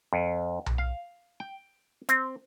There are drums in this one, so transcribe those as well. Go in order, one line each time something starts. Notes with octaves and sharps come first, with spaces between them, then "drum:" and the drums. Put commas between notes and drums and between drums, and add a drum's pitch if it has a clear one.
F2
drum: tom B1
F5
G5
C4, drum: hi-hat